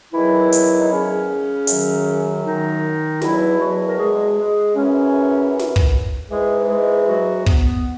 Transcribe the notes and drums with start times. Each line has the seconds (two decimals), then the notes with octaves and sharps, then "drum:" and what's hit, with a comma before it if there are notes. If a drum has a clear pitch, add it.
0.13 E2 D#3 E3 F#3 E4
0.52 drum: hi-hat
0.78 D#4
0.90 C#3 C#4
1.67 F#2 D#3 F#3, drum: hi-hat
2.44 D#3 D#4
3.21 E2 B2 E3 F#3 E4, drum: snare
3.60 F#3 F#4
3.88 A#4
3.99 G#3 G#4
4.37 G#3 G#4
4.76 F#2 C#3 E3 C#4
5.59 drum: snare
5.76 drum: kick
6.30 G#2 E3 G#3 G#4
6.68 G#3 G#4
7.07 F#3 F#4
7.46 B3, drum: kick